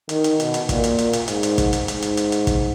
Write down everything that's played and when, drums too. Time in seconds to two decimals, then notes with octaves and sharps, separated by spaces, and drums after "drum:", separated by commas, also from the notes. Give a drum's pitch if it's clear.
0.09 D#3, drum: hi-hat
0.24 drum: hi-hat
0.40 B2, drum: hi-hat
0.54 drum: hi-hat
0.69 A#2, drum: kick, hi-hat
0.84 drum: hi-hat
0.98 drum: hi-hat
1.13 drum: hi-hat
1.28 G#2, drum: hi-hat
1.43 drum: hi-hat
1.58 drum: kick, hi-hat
1.73 drum: hi-hat
1.88 G#2, drum: hi-hat
2.02 drum: hi-hat
2.17 drum: hi-hat
2.32 drum: hi-hat
2.47 drum: kick, hi-hat